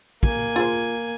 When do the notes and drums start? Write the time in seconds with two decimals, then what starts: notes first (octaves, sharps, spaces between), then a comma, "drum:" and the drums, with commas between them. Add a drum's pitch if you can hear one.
0.23 A#3 G#5, drum: kick
0.56 F4 G#4 C5